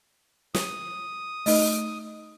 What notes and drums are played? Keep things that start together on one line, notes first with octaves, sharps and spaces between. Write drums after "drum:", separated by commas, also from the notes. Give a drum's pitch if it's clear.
D#6, drum: snare
A3 D#4 D#5, drum: open hi-hat